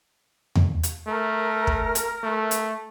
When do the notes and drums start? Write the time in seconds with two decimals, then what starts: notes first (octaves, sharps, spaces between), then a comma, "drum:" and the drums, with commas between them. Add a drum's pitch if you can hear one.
0.55 drum: tom E2
0.83 drum: hi-hat
1.07 A3 A#4
1.67 drum: kick
1.95 drum: hi-hat
2.23 A3
2.51 drum: hi-hat